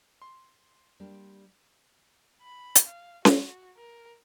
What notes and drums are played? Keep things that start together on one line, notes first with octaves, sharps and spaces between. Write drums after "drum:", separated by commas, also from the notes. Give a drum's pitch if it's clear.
C6
G3 A#3 D4
B5
drum: hi-hat
F5
F#4, drum: snare C#4
A#4